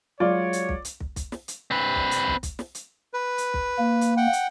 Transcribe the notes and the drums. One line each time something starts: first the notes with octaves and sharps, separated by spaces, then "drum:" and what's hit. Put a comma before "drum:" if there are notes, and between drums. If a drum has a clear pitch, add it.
F#3 G#3 F4 C#5 D5
drum: hi-hat
drum: kick
drum: hi-hat
drum: kick
drum: kick, hi-hat
drum: snare
drum: hi-hat
C4 B4
drum: kick
drum: hi-hat
drum: kick
drum: kick, hi-hat
drum: snare
drum: hi-hat
B4
drum: hi-hat
drum: kick
A#3
drum: hi-hat
F#5 G5
drum: hi-hat